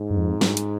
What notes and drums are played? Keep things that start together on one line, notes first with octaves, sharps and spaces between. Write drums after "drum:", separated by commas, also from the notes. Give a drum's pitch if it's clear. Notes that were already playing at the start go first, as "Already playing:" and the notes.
Already playing: G#2
G2
F2
G2, drum: snare
drum: hi-hat